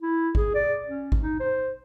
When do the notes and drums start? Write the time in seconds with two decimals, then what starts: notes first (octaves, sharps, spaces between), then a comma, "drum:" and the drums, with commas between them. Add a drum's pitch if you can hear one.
0.01 E4
0.35 G#4, drum: kick
0.55 D5
0.88 C#4
1.12 drum: kick
1.22 D#4
1.40 C5